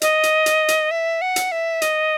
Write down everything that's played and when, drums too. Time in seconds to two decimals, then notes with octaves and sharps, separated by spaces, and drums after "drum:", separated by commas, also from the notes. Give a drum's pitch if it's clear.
0.02 D#5, drum: hi-hat
0.23 drum: hi-hat
0.46 drum: hi-hat
0.68 drum: hi-hat
0.91 E5
1.21 F#5
1.36 drum: hi-hat
1.52 E5
1.82 D#5, drum: hi-hat